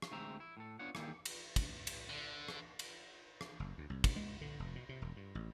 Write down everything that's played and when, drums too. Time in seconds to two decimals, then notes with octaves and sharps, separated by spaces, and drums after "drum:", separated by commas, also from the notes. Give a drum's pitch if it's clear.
0.02 drum: rim click
0.12 D2 G#3 C4 E5 A#5
0.40 E4
0.57 A2 A4
0.79 B3 D4 F4 C#5 F#5
0.95 D#3 G3 A#3 E4 G#4, drum: rim click
1.25 drum: cymbal
1.56 drum: kick, cymbal
1.87 drum: cymbal
2.10 D3
2.49 drum: rim click
2.79 drum: cymbal
3.41 drum: rim click
3.60 F#1
3.78 D2
3.90 C2
4.04 A2, drum: kick, cymbal
4.16 G#3
4.41 D3
4.60 F1
4.75 B2
4.89 C3
5.02 E1
5.16 G2
5.35 A1